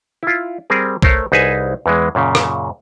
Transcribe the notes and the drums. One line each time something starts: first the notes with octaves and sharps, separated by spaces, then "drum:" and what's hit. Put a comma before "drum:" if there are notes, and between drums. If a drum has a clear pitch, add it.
E4 F4
G3 C4 G#4 A#4
A3 A#4 C5 C#5, drum: kick
C2 D#4 G#4 B4 E5 G#5
E2 E3 G#3
F#2 A#2 C#3
drum: rim click